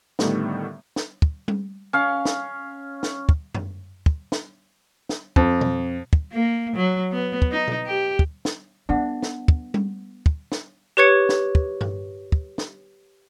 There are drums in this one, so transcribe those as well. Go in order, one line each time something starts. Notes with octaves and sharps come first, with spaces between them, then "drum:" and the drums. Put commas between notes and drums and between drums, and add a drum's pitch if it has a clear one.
A2 D3 D#3 G3 A3 B3, drum: snare
drum: snare
drum: kick
drum: tom G3
C#4 F5
drum: snare
drum: snare
drum: kick
drum: tom F#2
drum: kick
drum: snare
drum: snare
F2, drum: kick
drum: tom B2
drum: kick
A#3
F#3
B3
drum: kick
D#4
drum: tom B2
G4
drum: kick
drum: snare
B3 D4 E5 F#5
drum: snare
drum: kick
drum: tom G3
drum: kick
drum: snare
G4 B4 C#5 C#6 G#6 C#7
drum: snare
drum: kick
drum: tom G2
drum: kick
drum: snare